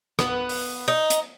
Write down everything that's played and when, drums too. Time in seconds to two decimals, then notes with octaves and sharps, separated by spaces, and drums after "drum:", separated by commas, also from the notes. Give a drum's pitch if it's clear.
0.19 B3, drum: rim click
0.49 drum: open hi-hat
0.88 D#4
1.10 drum: hi-hat